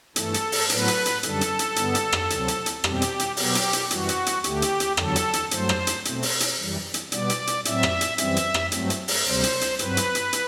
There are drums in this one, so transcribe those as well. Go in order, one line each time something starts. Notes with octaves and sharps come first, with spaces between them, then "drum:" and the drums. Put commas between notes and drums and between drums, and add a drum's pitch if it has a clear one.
G2 E3 A3 A4, drum: hi-hat
drum: hi-hat
drum: open hi-hat
A2 F#3 B3 B4, drum: hi-hat
drum: hi-hat
drum: hi-hat
F#2 D3 G3 A4, drum: hi-hat
drum: hi-hat
drum: hi-hat
G2 D3 G3 B3, drum: hi-hat
drum: hi-hat
drum: rim click
D2 C3 F#3 C4, drum: hi-hat
drum: hi-hat
drum: hi-hat
E2 B2 G3 C4 G4, drum: rim click
drum: hi-hat
drum: hi-hat
B2 F#3 B3 G4, drum: open hi-hat
drum: hi-hat
drum: hi-hat
F#2 E3 G3 F#4, drum: hi-hat
drum: hi-hat
drum: hi-hat
D2 D3 A3 G4, drum: hi-hat
drum: hi-hat
drum: hi-hat
E2 D3 F#3 A4, drum: rim click
drum: hi-hat
drum: hi-hat
G2 F#3 A3 C5, drum: hi-hat
drum: rim click
drum: hi-hat
B2 A3 C4, drum: hi-hat
drum: open hi-hat
drum: hi-hat
F#2 E3 G3
drum: hi-hat
B2 G3 B3 D5, drum: hi-hat
drum: hi-hat
drum: hi-hat
A2 F#3 C4 E5, drum: hi-hat
drum: rim click
drum: hi-hat
F#2 E3 G3 C4 E5, drum: hi-hat
drum: hi-hat
drum: rim click
G2 F#3 A3 C4, drum: hi-hat
drum: hi-hat
drum: open hi-hat
D2 C3 G3 C4 C5
drum: hi-hat
drum: hi-hat
G2 F#3 C4 B4, drum: hi-hat
drum: hi-hat
drum: hi-hat
drum: hi-hat